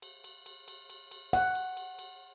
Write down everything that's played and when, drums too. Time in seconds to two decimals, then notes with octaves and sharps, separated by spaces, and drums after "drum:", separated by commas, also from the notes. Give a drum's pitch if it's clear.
0.02 drum: cymbal
0.24 drum: cymbal
0.46 drum: cymbal
0.68 drum: cymbal
0.90 drum: cymbal
1.11 drum: cymbal
1.33 F#5, drum: cymbal
1.55 drum: cymbal
1.77 drum: cymbal
1.99 drum: cymbal